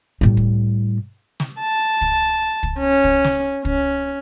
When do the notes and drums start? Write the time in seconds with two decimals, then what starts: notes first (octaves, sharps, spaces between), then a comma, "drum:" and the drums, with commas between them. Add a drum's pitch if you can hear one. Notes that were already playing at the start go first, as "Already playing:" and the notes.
0.21 A2 G3
0.37 drum: kick
1.40 drum: snare
1.60 A5
2.01 drum: kick
2.63 drum: kick
2.80 C#4
3.04 drum: kick
3.24 drum: snare
3.65 C#4, drum: kick